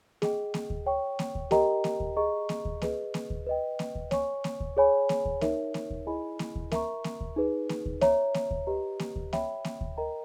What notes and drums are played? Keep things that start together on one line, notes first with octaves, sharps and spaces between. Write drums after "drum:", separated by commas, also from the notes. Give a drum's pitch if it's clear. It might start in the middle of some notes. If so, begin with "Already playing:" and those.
G#4 D#5 G5, drum: snare A#3
drum: snare A#3
drum: kick D2
C#5 G5 C#6
drum: snare A#3
drum: kick D2
G4 A#4 D#5 G5 A#5, drum: snare A#3
drum: snare A#3
drum: kick D2
G#4 D#5 A#5 C#6
drum: snare A#3
drum: kick D2
G#4 B4 D#5, drum: snare A#3
drum: snare A#3
drum: kick D2
B4 D#5 G5
drum: snare A#3
drum: kick D2
C#5 G#5 C#6, drum: snare A#3
drum: snare A#3
drum: kick D2
G#4 C#5 G#5 B5
drum: snare A#3
drum: kick D2
D#4 A#4 C#5 E5, drum: snare A#3
drum: snare A#3
drum: kick D2
E4 G#4 D#5 G#5 B5
drum: snare A#3
drum: kick D2
A#4 E5 A#5 C#6, drum: snare A#3
drum: snare A#3
drum: kick D2
D#4 G#4 B4
drum: snare A#3
drum: kick D2
C#5 E5 A#5, drum: snare A#3
drum: snare A#3
drum: kick D2
G4 B4 D#5 A#5
drum: snare A#3
drum: kick D2
C#5 E5 G5 B5, drum: snare A#3
drum: snare A#3
drum: kick D2
A#4 D#5 G5 A#5